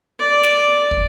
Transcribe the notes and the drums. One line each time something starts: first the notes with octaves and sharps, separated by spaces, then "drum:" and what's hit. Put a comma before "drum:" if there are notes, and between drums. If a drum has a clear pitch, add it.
D5
drum: snare
drum: kick